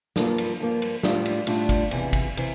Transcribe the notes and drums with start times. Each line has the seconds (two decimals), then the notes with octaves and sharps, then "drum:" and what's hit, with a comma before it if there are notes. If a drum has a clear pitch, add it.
0.16 G2 F3 A#3 F4, drum: snare
0.38 drum: cymbal
0.60 G2 F3 A#3 F4
0.82 drum: cymbal
1.03 A2 G3 D4 F4, drum: snare
1.26 drum: cymbal
1.47 A2 G3 D4 F4, drum: cymbal
1.69 drum: kick G#1, cymbal
1.91 E2 C3 E3, drum: cymbal
2.13 drum: kick G#1, cymbal
2.37 C3 E3, drum: cymbal